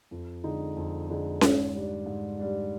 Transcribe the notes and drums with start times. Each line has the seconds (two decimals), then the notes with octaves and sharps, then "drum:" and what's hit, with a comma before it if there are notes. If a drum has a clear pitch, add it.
0.11 F2
0.44 D3 G#3 D#4
0.77 F2
1.09 D3 G#3 D#4
1.41 G#2, drum: snare C#4
1.74 G3 D4
2.06 G#2
2.39 G3 D4